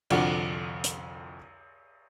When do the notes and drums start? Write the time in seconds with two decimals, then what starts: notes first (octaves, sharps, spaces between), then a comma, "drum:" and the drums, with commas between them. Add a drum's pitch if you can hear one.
0.10 C2 F2 D3 F4 F#4 F#5, drum: cymbal
0.84 drum: hi-hat